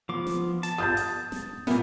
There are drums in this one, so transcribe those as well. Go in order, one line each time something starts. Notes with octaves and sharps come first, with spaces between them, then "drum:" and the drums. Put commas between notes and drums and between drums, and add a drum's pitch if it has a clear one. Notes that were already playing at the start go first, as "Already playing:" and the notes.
F3 B3 D6
drum: snare
A5, drum: hi-hat
F4 D#6 G6 A6
drum: open hi-hat
drum: snare
A#2 A#3 B3 E4 A#4, drum: snare